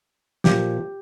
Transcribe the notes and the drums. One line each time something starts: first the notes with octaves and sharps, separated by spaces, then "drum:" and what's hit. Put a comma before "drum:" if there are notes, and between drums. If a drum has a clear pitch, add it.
A#2 F3 G4, drum: snare